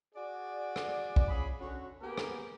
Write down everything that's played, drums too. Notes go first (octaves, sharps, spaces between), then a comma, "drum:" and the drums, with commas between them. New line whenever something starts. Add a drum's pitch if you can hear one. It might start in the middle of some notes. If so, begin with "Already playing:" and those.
F#4 G#4 D5
drum: rim click
drum: kick
C#4 F4 G#4 B5
D3 C#4 F#4
A#3 B3 G4 G#4 A#4
drum: rim click